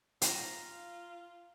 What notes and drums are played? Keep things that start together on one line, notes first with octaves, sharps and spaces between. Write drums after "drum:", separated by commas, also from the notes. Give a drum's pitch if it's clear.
F4 A#5, drum: hi-hat